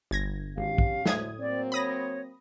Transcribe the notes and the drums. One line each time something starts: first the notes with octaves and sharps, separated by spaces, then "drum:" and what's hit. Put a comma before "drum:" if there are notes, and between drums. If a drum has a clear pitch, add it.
G1 G#6 A#6
G#1 C#4 G4 F5
drum: kick
D2 A2 D#6 G#6, drum: snare
F#3 A#3 C4 D5
C#5 B5 D#6 A#6